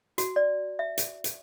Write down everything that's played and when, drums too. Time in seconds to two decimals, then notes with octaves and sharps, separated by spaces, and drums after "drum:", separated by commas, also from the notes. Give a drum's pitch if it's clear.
0.18 F#4, drum: hi-hat
0.36 D5
0.79 E5
0.98 drum: hi-hat
1.24 drum: hi-hat